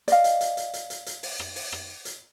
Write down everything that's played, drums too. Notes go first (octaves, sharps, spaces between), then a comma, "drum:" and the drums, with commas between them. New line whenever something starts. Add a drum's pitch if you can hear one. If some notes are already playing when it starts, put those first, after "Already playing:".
D5 D#5 F5, drum: hi-hat
drum: hi-hat
drum: hi-hat
drum: hi-hat
drum: hi-hat
drum: hi-hat
drum: hi-hat
drum: open hi-hat
drum: rim click
drum: open hi-hat
drum: rim click
drum: hi-hat